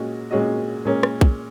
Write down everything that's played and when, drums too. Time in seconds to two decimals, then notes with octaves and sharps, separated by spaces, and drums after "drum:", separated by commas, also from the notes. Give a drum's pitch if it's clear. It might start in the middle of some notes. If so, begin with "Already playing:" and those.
Already playing: A#2 G#3 C#4 F#4 D#5
0.31 A#2 G#3 C#4 F#4 D#5
0.85 A#2 G#3 C#4 A#4
1.03 drum: rim click
1.21 drum: kick